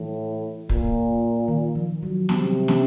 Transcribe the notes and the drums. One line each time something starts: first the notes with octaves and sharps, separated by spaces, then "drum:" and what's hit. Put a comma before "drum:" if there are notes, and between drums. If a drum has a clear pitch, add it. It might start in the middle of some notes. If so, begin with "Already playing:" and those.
Already playing: A2 E3
A#2, drum: kick
D#3
F3
F#3
C3 G3, drum: snare
C#4, drum: snare